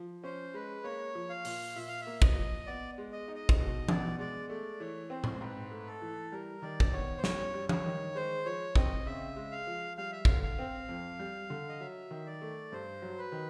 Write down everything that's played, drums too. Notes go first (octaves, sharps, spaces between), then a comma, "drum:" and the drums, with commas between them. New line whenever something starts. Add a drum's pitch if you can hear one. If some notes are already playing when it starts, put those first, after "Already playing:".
Already playing: F3
C#4 C5
G#3 B4
A#3 C#5
F3
F5
A#2, drum: open hi-hat
A#2 E5
F5
E5
A#3
D#5, drum: kick
F3
B3 D5
G#3
D#5
D#4
D#5
drum: kick
B2 D#5
B3 D5, drum: tom E3
G#3 D5
A3 D5
E3 C#5
C4 C5
drum: tom A2
G#2 B4
A3
A4
E3
G3 A#4
D#3 D5
drum: kick
B3 C#5
C5
F#2 C#5, drum: snare
G3
C#5, drum: tom E3
D#3
G#3 C5
F3 C#5
C4 D#5, drum: kick
C#3 E5
G#3
F5
F3
G3 F5
E5
D3 F5, drum: kick
F5
C4
F2
G3
D3
D#5
F#3 E5
D#3
D5
A3
G2 C5
F#3
B4
D#3